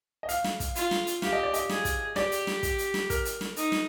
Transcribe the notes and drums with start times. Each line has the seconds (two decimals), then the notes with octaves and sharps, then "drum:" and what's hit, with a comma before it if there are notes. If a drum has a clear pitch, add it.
0.23 D#5
0.29 F5, drum: hi-hat
0.44 drum: snare
0.60 drum: kick, hi-hat
0.75 F4, drum: hi-hat
0.91 drum: snare
1.07 drum: hi-hat
1.22 G4 F5, drum: snare
1.33 D#5
1.43 D5
1.54 D#5, drum: hi-hat
1.69 G#4, drum: snare
1.85 drum: kick, hi-hat
2.16 G4 D5, drum: snare
2.32 drum: hi-hat
2.47 drum: snare
2.63 drum: kick, hi-hat
2.78 drum: hi-hat
2.94 drum: snare
3.10 A#4, drum: kick, hi-hat
3.25 drum: hi-hat
3.41 drum: snare
3.56 D#4, drum: hi-hat
3.72 drum: snare